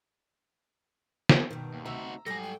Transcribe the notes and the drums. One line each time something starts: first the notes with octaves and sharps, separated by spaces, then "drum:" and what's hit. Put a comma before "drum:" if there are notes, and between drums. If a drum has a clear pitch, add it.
drum: snare
G2 B2 D#3
D#2
D2 C3 D#4 F#4 E5 A#5 E6
G#2 F#3 G3 A4 G#5 A#6
G5